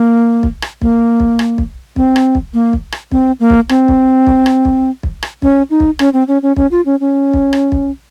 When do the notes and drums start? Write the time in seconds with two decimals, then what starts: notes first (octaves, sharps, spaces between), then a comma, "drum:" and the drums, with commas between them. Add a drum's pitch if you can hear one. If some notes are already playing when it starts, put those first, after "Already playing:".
Already playing: A#3
0.43 drum: kick
0.62 drum: rim click
0.82 A#3, drum: kick
1.20 drum: kick
1.39 drum: rim click
1.58 drum: kick
1.96 C4, drum: kick
2.16 drum: rim click
2.35 drum: kick
2.54 A#3
2.73 drum: kick
2.92 drum: rim click
3.11 C4, drum: kick
3.40 A#3
3.50 drum: kick
3.69 C4, drum: rim click
3.88 drum: kick
4.27 drum: kick
4.46 drum: rim click
4.65 drum: kick
5.03 drum: kick
5.23 drum: rim click
5.42 C#4, drum: kick
5.70 D#4
5.80 drum: kick
5.99 C#4, drum: rim click
6.13 C4
6.28 C#4
6.42 C#4
6.56 C#4, drum: kick
6.71 F4
6.86 C#4
7.00 C#4
7.33 drum: kick
7.53 drum: rim click
7.72 drum: kick